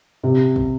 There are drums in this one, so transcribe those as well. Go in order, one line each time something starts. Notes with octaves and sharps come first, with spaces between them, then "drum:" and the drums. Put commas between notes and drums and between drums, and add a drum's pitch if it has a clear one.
C3
drum: kick